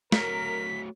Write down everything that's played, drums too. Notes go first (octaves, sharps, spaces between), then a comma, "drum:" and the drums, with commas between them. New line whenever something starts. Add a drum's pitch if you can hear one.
A3 F#4 A#4 C#5 B6, drum: snare